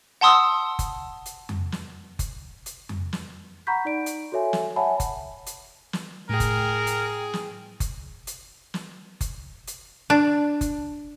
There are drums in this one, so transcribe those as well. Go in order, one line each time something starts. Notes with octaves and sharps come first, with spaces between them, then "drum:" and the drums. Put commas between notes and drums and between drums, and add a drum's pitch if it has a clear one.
F#5 A5 C6 D#6 E6
drum: kick F#1, hi-hat
drum: hi-hat
drum: tom F2
drum: snare
drum: kick F#1, hi-hat
drum: hi-hat
drum: tom F2
drum: snare
F#5 A#5 B5 C#6 G6 B6
D#4 D5 D7
drum: hi-hat
F#4 A4 C#5 E5 G#5
drum: snare
C#5 E5 F#5 G#5 A5 B5
drum: kick F#1, hi-hat
drum: hi-hat
drum: snare
A2 G#4 A#4 G5
drum: kick F#1, hi-hat
drum: hi-hat
drum: snare
drum: kick F#1, hi-hat
drum: hi-hat
drum: snare
drum: kick F#1, hi-hat
drum: hi-hat
D4
drum: kick F#1, hi-hat